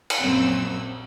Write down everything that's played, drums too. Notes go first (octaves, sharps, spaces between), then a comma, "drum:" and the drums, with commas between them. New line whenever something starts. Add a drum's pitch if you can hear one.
drum: cymbal
A#1 F#2 C4 E6